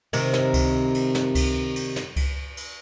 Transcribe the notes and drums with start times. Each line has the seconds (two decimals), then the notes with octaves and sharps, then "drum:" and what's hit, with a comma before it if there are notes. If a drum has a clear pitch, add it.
0.13 C3 D#3, drum: cymbal
0.33 drum: snare
0.54 drum: kick C#2, cymbal
0.94 drum: cymbal
1.15 drum: snare
1.35 drum: kick C#2, cymbal
1.76 drum: cymbal
1.96 drum: snare
2.16 drum: kick C#2, cymbal
2.57 drum: cymbal